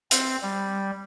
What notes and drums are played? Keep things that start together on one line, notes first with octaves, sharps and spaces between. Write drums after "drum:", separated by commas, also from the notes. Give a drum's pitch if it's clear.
C4, drum: hi-hat
G3